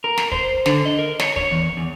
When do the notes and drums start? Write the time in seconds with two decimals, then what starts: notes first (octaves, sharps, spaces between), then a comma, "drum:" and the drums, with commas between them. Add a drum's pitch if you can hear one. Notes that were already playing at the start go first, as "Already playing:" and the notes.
0.04 A#4
0.18 drum: snare
0.32 C5, drum: kick
0.66 D3, drum: snare
0.85 D#5
0.99 A#4
1.19 C#5, drum: snare
1.36 C#5, drum: kick
1.51 E2
1.77 E2